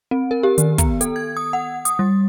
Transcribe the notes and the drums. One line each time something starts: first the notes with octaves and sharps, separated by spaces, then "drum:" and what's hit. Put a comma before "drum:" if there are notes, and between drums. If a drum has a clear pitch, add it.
C4
A#4
G4
D#3, drum: hi-hat
B3, drum: kick, hi-hat
A4, drum: hi-hat
G#6
D#6
F#5
D#6, drum: hi-hat
G3